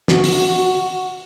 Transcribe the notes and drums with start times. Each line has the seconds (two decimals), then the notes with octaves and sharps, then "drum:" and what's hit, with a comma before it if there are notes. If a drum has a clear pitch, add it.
0.08 F#4, drum: snare
0.24 drum: open hi-hat
0.56 F#4